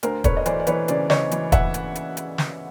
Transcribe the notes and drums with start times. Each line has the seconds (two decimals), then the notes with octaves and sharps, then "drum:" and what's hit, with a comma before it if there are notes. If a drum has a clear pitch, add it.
0.03 D2 A#4 C5, drum: hi-hat
0.24 A3 B4 C#5, drum: kick, hi-hat
0.37 D#5
0.46 E3 C5 D5, drum: hi-hat
0.59 D5
0.67 E3 B4 C#5, drum: hi-hat
0.88 C#3 C5 D5, drum: hi-hat
1.10 C#3 C#5 D#5, drum: snare
1.31 E3, drum: hi-hat
1.52 E5 F#5, drum: kick, hi-hat
1.74 drum: hi-hat
1.95 drum: hi-hat
2.17 drum: hi-hat
2.38 drum: snare